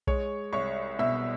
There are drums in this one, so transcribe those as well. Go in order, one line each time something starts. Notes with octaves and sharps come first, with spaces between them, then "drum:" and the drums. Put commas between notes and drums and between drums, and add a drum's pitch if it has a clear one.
G#3 C#5 C#6, drum: kick B1
C2 C#5 C#6
B2 E5 E6